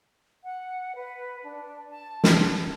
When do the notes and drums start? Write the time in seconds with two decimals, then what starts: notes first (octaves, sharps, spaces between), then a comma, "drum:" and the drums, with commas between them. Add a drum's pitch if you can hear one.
0.44 F#5
0.95 B4
1.44 D4
1.91 A5
2.24 drum: snare